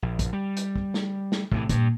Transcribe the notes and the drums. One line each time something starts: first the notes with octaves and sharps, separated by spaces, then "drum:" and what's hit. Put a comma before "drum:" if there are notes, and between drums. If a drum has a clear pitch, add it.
A#1
drum: kick, hi-hat
G3
drum: hi-hat
drum: kick
drum: snare
drum: snare
A2 C3 E3, drum: kick
G2 A#2, drum: kick, hi-hat